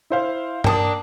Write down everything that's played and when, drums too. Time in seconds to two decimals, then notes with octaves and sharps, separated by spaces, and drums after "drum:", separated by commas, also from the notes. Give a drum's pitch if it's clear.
0.10 E4 C5 F5
0.64 A#3 D4 G5 A5 D#6, drum: tom G2